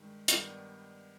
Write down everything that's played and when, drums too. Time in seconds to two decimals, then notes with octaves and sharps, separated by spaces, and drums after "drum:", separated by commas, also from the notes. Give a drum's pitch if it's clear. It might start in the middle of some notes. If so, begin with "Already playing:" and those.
Already playing: G2 D#3 G#3
0.28 G2 D#3 G3 B3, drum: hi-hat